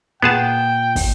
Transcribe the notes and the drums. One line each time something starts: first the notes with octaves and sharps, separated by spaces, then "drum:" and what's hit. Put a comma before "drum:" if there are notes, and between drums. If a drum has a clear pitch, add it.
A#2 B3 G#4 F#5 G5 A5
drum: kick, open hi-hat